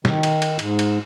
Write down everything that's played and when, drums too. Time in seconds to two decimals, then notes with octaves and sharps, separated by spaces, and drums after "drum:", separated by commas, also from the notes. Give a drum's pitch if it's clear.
0.05 D#3, drum: snare
0.23 drum: cymbal
0.42 drum: cymbal
0.59 G#2, drum: cymbal
0.79 drum: cymbal